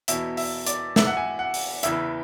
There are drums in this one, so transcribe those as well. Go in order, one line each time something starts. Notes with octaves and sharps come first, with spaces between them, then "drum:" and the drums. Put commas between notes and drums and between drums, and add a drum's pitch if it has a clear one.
E2 B2 E5, drum: hi-hat
E5, drum: open hi-hat
D5, drum: hi-hat
E5, drum: snare
F#5
G#5
F#5
drum: open hi-hat
E2 C#3 E3 E5, drum: hi-hat